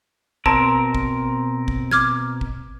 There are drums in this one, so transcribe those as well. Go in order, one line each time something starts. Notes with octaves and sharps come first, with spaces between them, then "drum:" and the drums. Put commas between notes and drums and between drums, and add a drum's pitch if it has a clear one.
B2 C4 A#4 A5, drum: kick
drum: kick
drum: kick
D6 F6 G#6, drum: snare
drum: kick